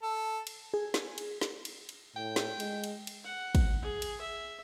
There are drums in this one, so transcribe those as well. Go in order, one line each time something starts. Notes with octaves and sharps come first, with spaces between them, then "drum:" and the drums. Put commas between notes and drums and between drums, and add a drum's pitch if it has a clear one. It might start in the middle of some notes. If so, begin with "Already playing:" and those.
A4
drum: cymbal
G#4
drum: snare
drum: cymbal
drum: snare
drum: cymbal
drum: cymbal
A2 G5
drum: snare
G#3, drum: cymbal
drum: cymbal
drum: cymbal
F#5
drum: kick, cymbal
G#4
drum: cymbal
E5